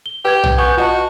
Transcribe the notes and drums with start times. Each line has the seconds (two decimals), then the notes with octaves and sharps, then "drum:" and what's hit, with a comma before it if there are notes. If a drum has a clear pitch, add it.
0.06 G7
0.25 G4 B4 G#6
0.44 drum: tom B1
0.58 B3 G#5 C#6 G6
0.77 F4 F#4 D#5 A5